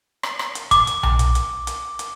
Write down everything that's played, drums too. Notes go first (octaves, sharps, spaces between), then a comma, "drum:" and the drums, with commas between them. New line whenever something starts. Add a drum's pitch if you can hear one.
drum: rim click
drum: rim click
drum: hi-hat
D6, drum: kick, hi-hat
drum: hi-hat
drum: tom B1
drum: hi-hat
drum: hi-hat
drum: hi-hat
drum: hi-hat